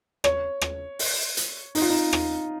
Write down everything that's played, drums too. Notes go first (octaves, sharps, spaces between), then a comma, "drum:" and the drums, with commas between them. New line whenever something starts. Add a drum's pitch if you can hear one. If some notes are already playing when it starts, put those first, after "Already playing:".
C#5, drum: rim click
drum: rim click
drum: open hi-hat
drum: hi-hat
D#4, drum: open hi-hat
F4
D#4
drum: rim click